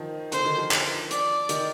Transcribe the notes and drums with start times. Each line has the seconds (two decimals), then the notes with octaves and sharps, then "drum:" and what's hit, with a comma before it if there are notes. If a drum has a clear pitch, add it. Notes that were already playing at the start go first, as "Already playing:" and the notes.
Already playing: D#3 F3
0.32 D3 C5, drum: hi-hat
0.45 D#3
0.58 F3
0.71 drum: clap
1.11 D5, drum: hi-hat
1.49 D#3, drum: hi-hat